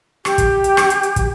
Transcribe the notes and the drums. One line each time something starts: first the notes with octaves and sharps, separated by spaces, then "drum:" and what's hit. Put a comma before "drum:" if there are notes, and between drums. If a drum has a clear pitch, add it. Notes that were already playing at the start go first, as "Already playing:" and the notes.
G4, drum: rim click
drum: kick, hi-hat
drum: hi-hat
drum: rim click
drum: hi-hat
drum: hi-hat
drum: kick, hi-hat